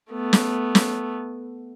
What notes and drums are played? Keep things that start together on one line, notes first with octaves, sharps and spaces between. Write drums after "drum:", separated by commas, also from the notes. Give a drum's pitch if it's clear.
A3 B3
drum: snare
drum: snare